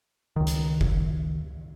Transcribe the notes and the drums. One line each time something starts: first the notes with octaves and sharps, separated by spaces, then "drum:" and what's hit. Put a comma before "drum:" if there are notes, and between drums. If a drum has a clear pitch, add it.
C#2 D#3
drum: hi-hat
drum: kick G1